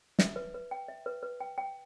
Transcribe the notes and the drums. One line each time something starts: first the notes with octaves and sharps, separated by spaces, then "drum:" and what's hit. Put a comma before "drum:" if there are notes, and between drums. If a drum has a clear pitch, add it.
E5, drum: snare
B4
B4
G5
E5
B4
B4
G5
G5